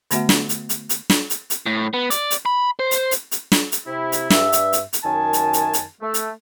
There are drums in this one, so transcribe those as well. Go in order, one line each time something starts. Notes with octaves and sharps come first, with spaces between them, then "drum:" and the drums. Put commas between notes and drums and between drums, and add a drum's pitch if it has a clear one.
D3 A3 B3 F#4 E5 F#5, drum: hi-hat
drum: snare
drum: hi-hat
drum: hi-hat
drum: hi-hat
drum: snare
drum: hi-hat
drum: hi-hat
A2
B3
D5, drum: hi-hat
drum: hi-hat
B5
C5
drum: hi-hat
drum: hi-hat
drum: hi-hat
drum: snare
drum: hi-hat
C3 E4
drum: hi-hat
G2 E5, drum: snare
drum: hi-hat
drum: hi-hat
drum: hi-hat
F#2 D#3 G#5 A5
drum: hi-hat
drum: hi-hat
drum: hi-hat
A3
drum: hi-hat